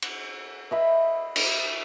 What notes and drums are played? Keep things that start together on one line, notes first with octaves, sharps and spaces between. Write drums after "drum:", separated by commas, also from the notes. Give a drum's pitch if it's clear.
drum: cymbal
D#5 E5 B5
drum: cymbal